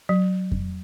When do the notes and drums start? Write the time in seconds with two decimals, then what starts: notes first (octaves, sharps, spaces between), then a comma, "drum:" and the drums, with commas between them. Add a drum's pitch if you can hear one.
0.09 F#3
0.52 drum: kick F2